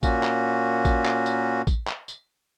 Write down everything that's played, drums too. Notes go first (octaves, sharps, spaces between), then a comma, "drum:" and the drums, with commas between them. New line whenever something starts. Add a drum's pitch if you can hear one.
A#2 A#3 C#4 F#4, drum: kick A1, tambourine
drum: clap
drum: kick A1, tambourine
drum: clap
drum: tambourine
drum: kick A1, tambourine
drum: clap
drum: tambourine